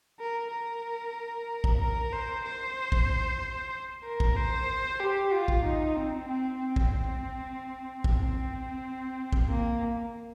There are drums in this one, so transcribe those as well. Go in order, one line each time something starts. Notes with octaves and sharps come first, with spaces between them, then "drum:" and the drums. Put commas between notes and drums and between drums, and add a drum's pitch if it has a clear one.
A#4
A#4
drum: kick
A#4
C5
C5
drum: kick
A#4
drum: kick
C5
G4
F4
drum: kick
D#4
C4
C4
C4
drum: kick
drum: kick
C4
drum: kick
A#3